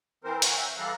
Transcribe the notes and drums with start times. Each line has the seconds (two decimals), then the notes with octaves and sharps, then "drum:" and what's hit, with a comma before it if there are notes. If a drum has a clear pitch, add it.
0.24 E3 C4 A#4 C5
0.42 C#5 F5 F#5 G#5 A#5, drum: hi-hat
0.57 E5 G6
0.77 E3 G3 A4 F5 A#5 F#6